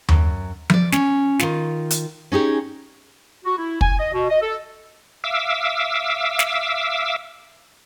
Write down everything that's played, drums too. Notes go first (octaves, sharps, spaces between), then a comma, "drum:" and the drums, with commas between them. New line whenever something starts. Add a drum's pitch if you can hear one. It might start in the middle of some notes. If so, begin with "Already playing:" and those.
F#2, drum: tom D#2
D5 E5, drum: tom F3
C#4, drum: snare
D#3 F4, drum: snare
drum: hi-hat
C#4 D#4 G4 G#4
F#4
E4
G#5, drum: kick
D#5
B2
D#5
A4
E5 F5 D6 E6
drum: snare